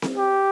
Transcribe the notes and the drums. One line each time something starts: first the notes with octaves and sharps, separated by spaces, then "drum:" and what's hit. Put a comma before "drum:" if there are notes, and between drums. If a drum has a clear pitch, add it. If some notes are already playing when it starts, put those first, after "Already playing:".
drum: snare C4
G4